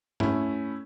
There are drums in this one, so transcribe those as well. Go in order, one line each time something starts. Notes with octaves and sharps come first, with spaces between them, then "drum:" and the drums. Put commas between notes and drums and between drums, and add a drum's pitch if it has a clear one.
A3 C#4 E4, drum: tom G#2